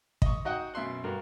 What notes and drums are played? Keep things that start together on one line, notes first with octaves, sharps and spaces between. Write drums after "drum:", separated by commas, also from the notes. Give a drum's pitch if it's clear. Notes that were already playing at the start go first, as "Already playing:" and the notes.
D#5 C#6, drum: kick
D#4 F#4 D#5 F#5 G5
F#2 B2 E5 C6 F#6
G2 F#4 A#4